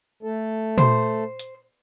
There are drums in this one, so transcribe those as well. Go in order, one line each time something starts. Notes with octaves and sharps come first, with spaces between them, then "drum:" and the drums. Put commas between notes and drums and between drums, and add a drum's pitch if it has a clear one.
A3 A4
C5, drum: tom A#2
drum: hi-hat